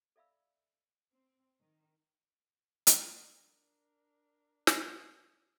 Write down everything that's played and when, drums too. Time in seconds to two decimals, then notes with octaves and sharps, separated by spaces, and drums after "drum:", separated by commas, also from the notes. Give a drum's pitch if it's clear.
0.16 A4 D5 E5 F5 B5 E6
1.13 C4
1.60 D#3
2.87 drum: hi-hat
3.18 D4 A#4
4.67 drum: snare